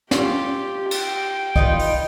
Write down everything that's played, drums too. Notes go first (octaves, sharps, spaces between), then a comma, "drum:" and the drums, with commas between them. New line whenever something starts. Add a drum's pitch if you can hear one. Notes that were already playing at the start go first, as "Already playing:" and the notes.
F4 G4, drum: snare
G5, drum: cymbal
D#4 F4 B4, drum: kick
drum: open hi-hat